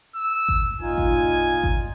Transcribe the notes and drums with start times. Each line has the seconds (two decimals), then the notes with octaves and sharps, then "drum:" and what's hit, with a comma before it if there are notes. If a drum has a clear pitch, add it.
0.16 E6
0.49 drum: kick G#1
0.81 A#2 D#4 F4 G#5
0.98 drum: kick G#1
1.63 drum: kick G#1